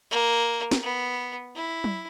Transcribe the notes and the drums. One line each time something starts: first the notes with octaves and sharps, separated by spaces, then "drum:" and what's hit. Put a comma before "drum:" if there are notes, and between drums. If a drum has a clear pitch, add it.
A#3
drum: snare
B3
E4
drum: tom F#3